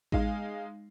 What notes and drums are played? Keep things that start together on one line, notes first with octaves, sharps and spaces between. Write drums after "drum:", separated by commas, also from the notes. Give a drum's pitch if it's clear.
G#3 D#4 F5, drum: kick A1